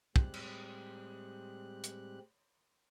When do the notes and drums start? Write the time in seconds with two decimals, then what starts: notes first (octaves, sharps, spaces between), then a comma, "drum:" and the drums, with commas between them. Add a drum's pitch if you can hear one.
0.16 A2 G3 G#3 C4 G4 F#6, drum: kick
0.34 drum: cymbal
1.84 drum: hi-hat